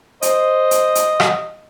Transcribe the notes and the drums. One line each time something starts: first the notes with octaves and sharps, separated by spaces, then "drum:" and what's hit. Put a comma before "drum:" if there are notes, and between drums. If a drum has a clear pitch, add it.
C5 D#5, drum: hi-hat
drum: hi-hat
drum: hi-hat
drum: rim click